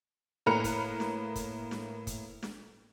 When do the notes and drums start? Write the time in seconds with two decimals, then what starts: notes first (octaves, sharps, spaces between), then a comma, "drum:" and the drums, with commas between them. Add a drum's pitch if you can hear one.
0.46 A2 A#3 B4 A#5 F6 C#7
0.64 drum: kick, hi-hat
1.00 drum: snare
1.36 drum: kick, hi-hat
1.71 drum: snare
2.07 drum: kick, hi-hat
2.43 drum: snare